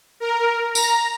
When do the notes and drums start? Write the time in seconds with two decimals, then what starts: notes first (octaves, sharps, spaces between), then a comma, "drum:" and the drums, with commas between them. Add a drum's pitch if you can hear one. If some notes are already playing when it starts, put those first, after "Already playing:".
0.20 A#4
0.75 A#5, drum: tambourine